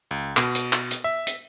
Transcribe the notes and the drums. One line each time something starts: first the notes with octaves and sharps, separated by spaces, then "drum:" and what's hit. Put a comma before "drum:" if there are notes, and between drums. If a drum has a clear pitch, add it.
C#2
B2, drum: clap
drum: hi-hat
drum: clap
drum: hi-hat
E5
drum: hi-hat